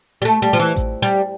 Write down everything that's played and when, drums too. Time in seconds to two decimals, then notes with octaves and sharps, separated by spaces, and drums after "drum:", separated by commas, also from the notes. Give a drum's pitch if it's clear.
0.22 G3
0.25 A3, drum: hi-hat
0.42 G3
0.53 F3, drum: hi-hat
0.59 E3
0.76 drum: kick A1, hi-hat
1.02 G3